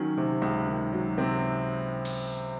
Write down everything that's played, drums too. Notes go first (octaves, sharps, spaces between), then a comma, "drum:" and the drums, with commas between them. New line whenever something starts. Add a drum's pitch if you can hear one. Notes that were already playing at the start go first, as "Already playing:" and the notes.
Already playing: D#3 F#3 C#4
C3
C#2
D#3
F#3
C3 C4
drum: open hi-hat